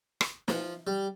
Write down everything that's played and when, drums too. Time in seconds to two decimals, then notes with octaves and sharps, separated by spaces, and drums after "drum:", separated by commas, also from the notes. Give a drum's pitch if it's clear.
0.21 drum: rim click
0.48 F3, drum: snare
0.87 G3